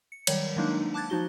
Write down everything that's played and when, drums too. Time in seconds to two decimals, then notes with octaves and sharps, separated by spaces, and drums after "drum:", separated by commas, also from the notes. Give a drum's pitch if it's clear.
0.12 C#7
0.27 D#3 F#3 G3 C#5, drum: cymbal
0.56 D#3 F#3 G#3 A#3 D4 D#4
0.94 A5 D6 F#6 G#6 A6
1.10 F3 D#4 F#4 G7